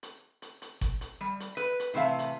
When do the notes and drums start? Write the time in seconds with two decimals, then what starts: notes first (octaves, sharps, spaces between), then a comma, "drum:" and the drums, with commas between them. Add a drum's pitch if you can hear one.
0.03 drum: hi-hat
0.42 drum: hi-hat
0.62 drum: hi-hat
0.81 drum: kick G1, hi-hat
1.01 drum: hi-hat
1.21 G3
1.40 drum: hi-hat
1.57 B4
1.80 drum: hi-hat
1.94 A2 C3 E3 E5 F5
2.19 drum: hi-hat